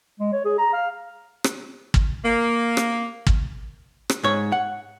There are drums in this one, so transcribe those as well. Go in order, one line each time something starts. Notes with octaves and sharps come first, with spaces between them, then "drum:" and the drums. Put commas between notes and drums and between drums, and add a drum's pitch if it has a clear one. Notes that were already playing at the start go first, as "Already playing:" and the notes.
G#3
C#5
G#4
A#5
F5
drum: rim click
drum: kick
A#3
drum: rim click
drum: kick
drum: rim click
G#2 C#5
F#5